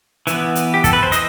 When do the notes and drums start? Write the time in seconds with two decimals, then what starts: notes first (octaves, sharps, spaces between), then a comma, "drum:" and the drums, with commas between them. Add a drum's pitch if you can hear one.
0.27 E3 B3, drum: hi-hat
0.55 drum: hi-hat
0.74 G4
0.84 A4, drum: kick, hi-hat
0.93 B4
1.03 C5
1.12 E3 D#5, drum: hi-hat